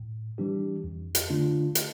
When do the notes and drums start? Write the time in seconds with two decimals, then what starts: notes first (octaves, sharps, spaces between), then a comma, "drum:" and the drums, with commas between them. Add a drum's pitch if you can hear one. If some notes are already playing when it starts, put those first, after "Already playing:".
Already playing: A2
0.38 E3 G3 D4 G4
0.84 F2
1.15 drum: hi-hat
1.30 D3 A3 D4 F4
1.75 drum: hi-hat